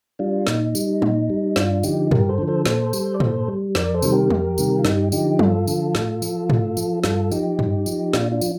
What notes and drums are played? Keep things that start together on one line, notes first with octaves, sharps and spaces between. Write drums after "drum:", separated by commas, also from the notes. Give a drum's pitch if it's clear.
G3 D4 F4
A#2 D#4, drum: snare
G3, drum: tambourine
A#2, drum: tom
G3
G2 D4 F4, drum: snare
D3 F3 D#4 G4, drum: tambourine
G2 G4 A#4, drum: tom
A4 C5
D3 F3
A4 C5
A#2 A4 C5, drum: snare
G3, drum: tambourine
D5
A#2 A4 C5, drum: tom
G3
F2 A#4 D5, drum: snare
A4 C5
C3 D#3 G3, drum: tambourine
G4 A#4
F2, drum: tom
C3 D#3 G3, drum: tambourine
F4
G2 D#4 G4, drum: snare
D3 F3 D#4 G4, drum: tambourine
G2 F4 A4, drum: tom
D3 F3, drum: tambourine
A2, drum: snare
F3, drum: tambourine
A2, drum: tom
F3, drum: tambourine
G2 F4 A4, drum: snare
F3 D#4 G4, drum: tambourine
G2, drum: tom
F3, drum: tambourine
A#2 D4 F4, drum: snare
D4 F4
F3, drum: tambourine